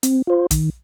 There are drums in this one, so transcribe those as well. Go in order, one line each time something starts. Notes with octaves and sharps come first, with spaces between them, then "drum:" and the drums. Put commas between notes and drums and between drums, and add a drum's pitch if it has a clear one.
C4, drum: hi-hat
F4 C5
D#3, drum: kick, hi-hat